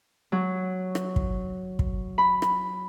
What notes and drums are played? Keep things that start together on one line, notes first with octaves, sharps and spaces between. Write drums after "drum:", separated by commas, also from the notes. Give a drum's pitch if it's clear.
F#3
drum: rim click
drum: kick
drum: kick
B5
drum: rim click